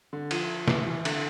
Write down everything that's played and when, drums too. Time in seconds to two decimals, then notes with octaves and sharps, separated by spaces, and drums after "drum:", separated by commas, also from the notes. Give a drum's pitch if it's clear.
0.13 D3
0.31 F3, drum: cymbal
0.68 E3, drum: snare
0.86 E3
1.05 D3, drum: cymbal